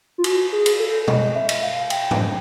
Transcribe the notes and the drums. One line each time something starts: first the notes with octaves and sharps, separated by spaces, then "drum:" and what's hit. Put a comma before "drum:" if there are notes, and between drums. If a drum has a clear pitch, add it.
F4
F#4, drum: cymbal
G#4
drum: cymbal
A4
D#5, drum: tom
E5
drum: cymbal
F5
G5, drum: cymbal
drum: tom G#2